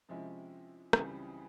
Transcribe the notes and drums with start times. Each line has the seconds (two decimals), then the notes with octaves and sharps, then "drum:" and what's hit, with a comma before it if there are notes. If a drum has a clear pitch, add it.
0.09 C3 F3 G#3 C#4 E4
0.93 C#2 C#3 E3 G3 C4, drum: rim click